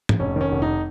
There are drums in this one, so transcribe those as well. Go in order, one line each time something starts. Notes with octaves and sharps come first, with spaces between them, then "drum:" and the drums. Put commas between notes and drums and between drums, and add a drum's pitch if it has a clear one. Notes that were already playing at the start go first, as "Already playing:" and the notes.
drum: tom
F1 C#4
D#3 C#4
F1
D#4